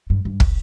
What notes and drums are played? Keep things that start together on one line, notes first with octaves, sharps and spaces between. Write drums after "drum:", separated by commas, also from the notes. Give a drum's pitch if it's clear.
G2
G2
drum: kick